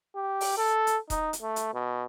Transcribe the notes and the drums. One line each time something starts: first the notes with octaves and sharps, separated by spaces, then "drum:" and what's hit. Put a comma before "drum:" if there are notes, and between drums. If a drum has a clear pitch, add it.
G4
drum: open hi-hat
A4
drum: hi-hat
D#4, drum: kick D#1, hi-hat
drum: hi-hat
A3
drum: hi-hat
B2